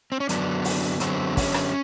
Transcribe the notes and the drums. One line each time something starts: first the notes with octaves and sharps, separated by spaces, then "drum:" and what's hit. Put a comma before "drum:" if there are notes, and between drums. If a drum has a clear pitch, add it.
C4
C#4
F#2 D3 F#3 B3 D4, drum: hi-hat
drum: open hi-hat
F#2 D3 F#3 B3 C4, drum: hi-hat
C#4, drum: kick, open hi-hat
drum: rim click